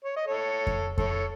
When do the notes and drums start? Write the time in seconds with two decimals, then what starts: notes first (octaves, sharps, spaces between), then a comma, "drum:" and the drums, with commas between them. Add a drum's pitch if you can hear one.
0.05 C#5
0.16 D#5
0.27 A4 C#5
0.67 drum: kick F2
0.98 A4 C#5, drum: kick F2